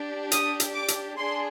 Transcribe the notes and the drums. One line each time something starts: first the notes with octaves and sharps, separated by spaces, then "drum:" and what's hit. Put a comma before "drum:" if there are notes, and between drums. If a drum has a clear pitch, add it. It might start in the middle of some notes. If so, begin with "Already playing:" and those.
Already playing: D4 G4
D#6, drum: hi-hat
drum: hi-hat
D6
drum: hi-hat
D4 G#4 C6